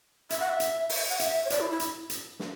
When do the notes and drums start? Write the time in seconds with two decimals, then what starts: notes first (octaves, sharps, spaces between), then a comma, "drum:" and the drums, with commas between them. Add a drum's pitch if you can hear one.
0.30 E5, drum: hi-hat
0.40 F#5
0.50 E5
0.60 drum: hi-hat
0.89 E5, drum: open hi-hat
1.10 F#5
1.20 E5, drum: hi-hat
1.45 C#5
1.50 D5, drum: hi-hat
1.60 E4
1.70 E4
1.80 drum: hi-hat
2.10 drum: hi-hat
2.39 drum: snare